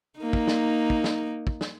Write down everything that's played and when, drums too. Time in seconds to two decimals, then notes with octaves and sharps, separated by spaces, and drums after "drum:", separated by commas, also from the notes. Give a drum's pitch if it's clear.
0.19 A#3 D#4
0.33 drum: kick
0.47 drum: snare
0.90 drum: kick
1.04 drum: snare
1.47 drum: kick
1.61 drum: snare